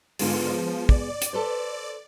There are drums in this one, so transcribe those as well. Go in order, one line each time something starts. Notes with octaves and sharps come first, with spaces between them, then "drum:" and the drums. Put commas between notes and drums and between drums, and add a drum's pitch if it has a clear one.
G#2 D3 G#3 B3 F4 G#4, drum: open hi-hat
F3
D5, drum: kick
drum: hi-hat
A4 B4 C5